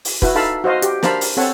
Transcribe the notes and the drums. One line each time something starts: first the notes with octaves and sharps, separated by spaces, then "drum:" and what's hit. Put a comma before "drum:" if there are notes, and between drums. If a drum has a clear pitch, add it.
drum: open hi-hat
E4 F#4 B4, drum: kick
D#4 A4 F5 A5 B5
F#4 C5 D#5 F5
G4, drum: hi-hat
D4 A#4 C5 F5 A5 B5, drum: snare
drum: open hi-hat
C4 A4 C#5 F#5 A5